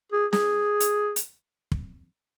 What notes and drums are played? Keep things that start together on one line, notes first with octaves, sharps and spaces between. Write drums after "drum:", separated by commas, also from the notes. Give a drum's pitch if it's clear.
G#4
G#4, drum: snare
drum: hi-hat
drum: hi-hat
drum: kick